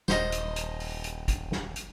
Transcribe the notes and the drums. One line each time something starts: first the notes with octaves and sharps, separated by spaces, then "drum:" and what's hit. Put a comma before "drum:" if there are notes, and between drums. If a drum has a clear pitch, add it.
D#1 C5 D#5, drum: snare
drum: hi-hat
drum: hi-hat
drum: open hi-hat
drum: hi-hat
drum: kick, hi-hat
drum: snare
drum: hi-hat